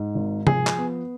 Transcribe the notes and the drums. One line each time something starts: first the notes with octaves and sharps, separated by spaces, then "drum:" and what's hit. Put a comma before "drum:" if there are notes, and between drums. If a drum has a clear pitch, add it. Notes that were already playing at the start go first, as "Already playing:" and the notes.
Already playing: G#2
G#1
F3 G#4, drum: tom C3
drum: clap
B3